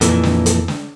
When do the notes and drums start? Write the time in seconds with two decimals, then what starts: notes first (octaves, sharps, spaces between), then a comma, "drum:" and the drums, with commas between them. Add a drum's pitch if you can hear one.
0.01 F2 A#2 E3, drum: hi-hat
0.23 drum: snare
0.46 drum: hi-hat
0.68 drum: snare